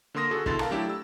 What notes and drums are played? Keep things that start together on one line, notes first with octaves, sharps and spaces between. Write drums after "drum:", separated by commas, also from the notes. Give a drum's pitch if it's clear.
D3 A#3 A#4 C6 D#6 A#6
F#4 G#4 A4
B2 D3 E4 C6 A6, drum: kick
A#4 F5 A5 A#5, drum: rim click
F#3 A3 D4 E4 G4
E6